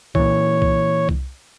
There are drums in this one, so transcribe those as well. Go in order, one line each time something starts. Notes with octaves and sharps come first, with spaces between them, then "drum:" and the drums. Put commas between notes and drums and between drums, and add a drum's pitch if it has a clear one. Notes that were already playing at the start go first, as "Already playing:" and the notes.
A#2 E3 C#5, drum: kick C2
drum: kick C2
drum: kick C2